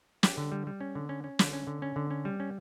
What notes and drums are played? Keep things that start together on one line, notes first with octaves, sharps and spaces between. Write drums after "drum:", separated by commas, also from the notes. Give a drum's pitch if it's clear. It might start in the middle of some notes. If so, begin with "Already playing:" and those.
G4, drum: snare
D3
G3
G3
C#4
D3
C#4
C#4
D3, drum: snare
C#4
D3
C#4
D3
C#4
G3
C#4